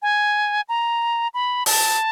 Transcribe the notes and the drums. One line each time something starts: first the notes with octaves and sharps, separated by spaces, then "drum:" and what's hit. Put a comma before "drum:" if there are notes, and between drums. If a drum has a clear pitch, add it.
G#5
A#5
B5
A5, drum: open hi-hat